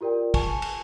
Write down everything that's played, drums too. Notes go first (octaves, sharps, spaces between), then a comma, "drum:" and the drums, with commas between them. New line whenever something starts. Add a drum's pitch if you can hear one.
F4 G4 A#4 D5 G5
G#5 A5 C#6, drum: kick, cymbal
drum: cymbal